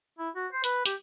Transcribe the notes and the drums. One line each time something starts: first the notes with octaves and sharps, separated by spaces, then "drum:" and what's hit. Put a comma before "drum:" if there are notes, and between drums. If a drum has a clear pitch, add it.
E4
F#4
C5
B4, drum: hi-hat
G4, drum: hi-hat